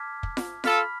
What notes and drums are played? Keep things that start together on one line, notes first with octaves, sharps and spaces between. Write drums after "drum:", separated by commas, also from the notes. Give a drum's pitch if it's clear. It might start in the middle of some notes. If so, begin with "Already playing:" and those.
Already playing: A5 D6 F6 G#6 B6
drum: kick
drum: snare F4
F4 A4 B5 F6 B6, drum: snare F4